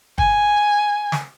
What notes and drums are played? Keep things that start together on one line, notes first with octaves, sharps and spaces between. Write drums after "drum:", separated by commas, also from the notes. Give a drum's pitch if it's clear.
G#5, drum: kick
drum: snare